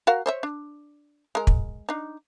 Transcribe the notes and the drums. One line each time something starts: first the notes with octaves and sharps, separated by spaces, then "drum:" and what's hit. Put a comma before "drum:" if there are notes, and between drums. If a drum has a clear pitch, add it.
F#4 A#4 F5
C5 C#5 E5
D4
G#3 A#4
drum: kick
D4 D#4